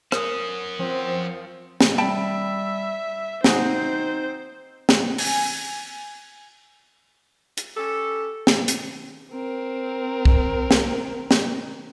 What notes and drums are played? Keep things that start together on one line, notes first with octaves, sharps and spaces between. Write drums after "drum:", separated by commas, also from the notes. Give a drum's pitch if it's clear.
C#4 F#4 A#4 D#6, drum: rim click
F3 C4
drum: snare
G3 E5 G5 A5 B5
C4 D#4 F#4 G#4 C5, drum: snare
drum: snare
G#5, drum: open hi-hat
drum: hi-hat
C#4 G4 A4
drum: snare
drum: hi-hat
C4 A#4
drum: kick C2
drum: snare
drum: snare